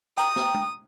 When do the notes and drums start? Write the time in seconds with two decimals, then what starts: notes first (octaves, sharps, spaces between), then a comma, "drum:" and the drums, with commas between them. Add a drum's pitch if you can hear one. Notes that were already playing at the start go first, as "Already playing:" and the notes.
0.18 G5 A#5 D#6, drum: hi-hat
0.36 drum: snare
0.54 drum: tom